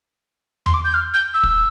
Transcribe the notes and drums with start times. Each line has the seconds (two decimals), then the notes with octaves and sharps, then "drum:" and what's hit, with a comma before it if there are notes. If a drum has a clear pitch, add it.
0.66 C6, drum: tom E2
0.74 D6
0.84 G6
0.94 F6
1.14 G6
1.34 E6
1.44 drum: kick